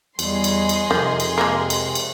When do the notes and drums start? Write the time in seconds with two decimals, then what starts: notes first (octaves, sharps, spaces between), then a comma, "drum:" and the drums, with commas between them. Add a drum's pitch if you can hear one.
0.19 E2 G3 G#4 D#5 C6, drum: cymbal
0.44 drum: cymbal
0.69 drum: cymbal
0.91 F2 C3 D#3
1.20 drum: cymbal
1.38 C3 G#3 A#3 A#4
1.70 drum: cymbal
1.95 drum: cymbal